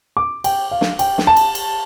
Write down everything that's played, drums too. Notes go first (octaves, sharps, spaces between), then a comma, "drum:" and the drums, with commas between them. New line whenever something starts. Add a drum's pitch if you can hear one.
D6
G5, drum: cymbal
F5
drum: snare
G5, drum: cymbal
drum: snare
A5
drum: cymbal
drum: cymbal